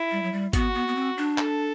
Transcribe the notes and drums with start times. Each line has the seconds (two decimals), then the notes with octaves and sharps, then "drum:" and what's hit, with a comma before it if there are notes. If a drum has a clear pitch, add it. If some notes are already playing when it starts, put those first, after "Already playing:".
Already playing: E4
0.11 G3
0.23 F#3
0.32 G3
0.53 B3 F#4, drum: kick, hi-hat
0.75 B3
0.88 B3
0.95 C4
1.17 D4
1.38 A4, drum: clap